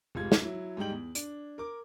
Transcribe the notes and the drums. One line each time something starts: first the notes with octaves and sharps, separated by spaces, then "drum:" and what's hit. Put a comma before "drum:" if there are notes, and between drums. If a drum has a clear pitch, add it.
F1 G#2 F4 G#6
drum: snare
F#3 E4
G#2 G3 D#4 G5 F#7
E2
D4, drum: hi-hat
A#4 D6